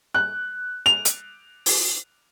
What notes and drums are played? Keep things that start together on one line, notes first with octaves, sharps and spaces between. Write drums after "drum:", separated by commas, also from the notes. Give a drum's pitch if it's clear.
F#6
F7
drum: hi-hat
drum: open hi-hat